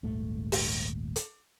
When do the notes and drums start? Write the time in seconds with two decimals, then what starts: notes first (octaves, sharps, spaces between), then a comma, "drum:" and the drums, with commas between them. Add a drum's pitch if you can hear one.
0.03 D#1 G#1 A3
0.52 drum: open hi-hat
1.16 drum: hi-hat